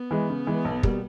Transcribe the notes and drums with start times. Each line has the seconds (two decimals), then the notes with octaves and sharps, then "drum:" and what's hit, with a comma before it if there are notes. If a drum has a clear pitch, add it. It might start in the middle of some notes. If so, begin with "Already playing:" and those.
Already playing: B3
0.11 E3 G#3
0.30 C#3
0.47 E3 G#3
0.65 B1
0.83 B2 G3 A#3, drum: kick